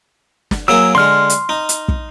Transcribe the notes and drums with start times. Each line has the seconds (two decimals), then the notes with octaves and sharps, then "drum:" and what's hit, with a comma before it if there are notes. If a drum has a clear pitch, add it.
0.51 drum: snare
0.68 F#3 A#3 G#4 E6
0.95 D3 G#3 C6 F6
1.30 drum: hi-hat
1.49 D#4
1.69 drum: hi-hat
1.88 drum: kick